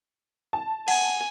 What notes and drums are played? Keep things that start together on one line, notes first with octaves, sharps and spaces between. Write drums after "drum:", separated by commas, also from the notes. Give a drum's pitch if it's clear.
A5
F#5 G#5, drum: cymbal